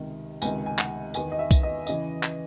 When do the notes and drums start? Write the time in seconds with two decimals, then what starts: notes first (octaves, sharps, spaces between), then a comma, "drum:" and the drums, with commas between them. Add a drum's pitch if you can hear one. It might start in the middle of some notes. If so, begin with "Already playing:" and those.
Already playing: C#2 C3 D#3
0.42 C#2 C3 D#3 G#5, drum: tambourine
0.66 G#5
0.78 F#5, drum: clap
1.14 E2 D#3 G#5, drum: tambourine
1.32 D#5
1.39 E5
1.51 drum: kick B1, tambourine
1.63 D#5
1.87 C#3 E3 D#5, drum: tambourine
2.23 drum: clap